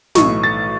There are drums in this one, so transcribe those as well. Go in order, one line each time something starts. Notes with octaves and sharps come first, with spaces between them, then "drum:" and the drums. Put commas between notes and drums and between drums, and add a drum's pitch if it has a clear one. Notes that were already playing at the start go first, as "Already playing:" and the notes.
B1 A2 E3 A3 D#4 C#6, drum: snare
A6